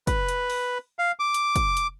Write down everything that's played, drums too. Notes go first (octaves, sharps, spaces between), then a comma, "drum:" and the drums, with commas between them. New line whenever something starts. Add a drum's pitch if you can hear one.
B4, drum: kick, hi-hat
drum: hi-hat
drum: open hi-hat
F5
D6
drum: hi-hat
drum: kick, hi-hat
drum: hi-hat